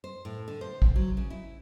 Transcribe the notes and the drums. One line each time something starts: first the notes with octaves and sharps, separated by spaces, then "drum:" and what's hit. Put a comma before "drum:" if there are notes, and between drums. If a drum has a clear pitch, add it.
C5
A2
D3
C5
drum: kick
F#3
C#3
E4